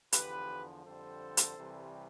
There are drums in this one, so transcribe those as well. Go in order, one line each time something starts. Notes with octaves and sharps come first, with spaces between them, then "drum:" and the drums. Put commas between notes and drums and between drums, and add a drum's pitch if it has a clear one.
E2 D3 F3 G4 B4, drum: hi-hat
F2 D3 G3 A4 C5
drum: hi-hat
C2 C3 E3 G3